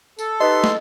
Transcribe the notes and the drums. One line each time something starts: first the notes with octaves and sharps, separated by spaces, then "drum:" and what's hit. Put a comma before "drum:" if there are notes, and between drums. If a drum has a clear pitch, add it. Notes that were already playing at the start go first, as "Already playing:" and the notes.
A4, drum: tambourine
D#4 G4 B4 D#5 C6
drum: snare